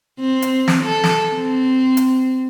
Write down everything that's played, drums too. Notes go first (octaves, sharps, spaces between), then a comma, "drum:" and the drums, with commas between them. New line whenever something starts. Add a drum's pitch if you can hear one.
C4
drum: hi-hat
drum: snare
A4
drum: snare
C4
drum: hi-hat